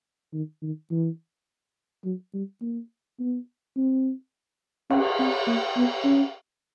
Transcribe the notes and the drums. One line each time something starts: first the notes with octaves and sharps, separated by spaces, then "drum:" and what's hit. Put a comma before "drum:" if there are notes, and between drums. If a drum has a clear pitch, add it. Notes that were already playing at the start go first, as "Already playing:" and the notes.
D#3
D#3
E3
F#3
G3
A#3
B3
C4
C#4, drum: cymbal
C4
A#3
B3
C#4